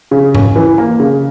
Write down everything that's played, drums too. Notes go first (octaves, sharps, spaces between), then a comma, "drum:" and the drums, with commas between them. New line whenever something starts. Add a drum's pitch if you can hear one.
C#3
C#4, drum: tom G#2
E3
A#3
C#3